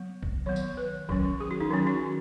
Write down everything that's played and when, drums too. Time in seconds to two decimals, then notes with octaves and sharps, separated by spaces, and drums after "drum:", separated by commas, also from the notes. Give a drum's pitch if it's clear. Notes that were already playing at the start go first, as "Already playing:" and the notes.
Already playing: F#3 B3
0.23 drum: kick A#1
0.46 D#3 F#3 B3 C#5
0.56 drum: tambourine
0.77 B4
1.09 D#3 F#3 C#4, drum: kick A#1
1.40 G#4
1.51 F#4
1.61 D#4
1.71 D#3 F#3 C#4 F#4
1.87 F#4